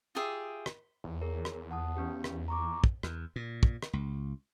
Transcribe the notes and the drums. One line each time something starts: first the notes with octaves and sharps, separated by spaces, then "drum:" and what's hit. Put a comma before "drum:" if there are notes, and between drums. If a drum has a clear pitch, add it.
F4 G4 G#4 E5
drum: rim click
E2
G#4 A#4 C#5
drum: rim click
F#5 A5 D#6
B3 C#4 G4
drum: rim click
A#5 C#6 D6
drum: kick
E2, drum: rim click
A#2
drum: kick
drum: rim click
C#2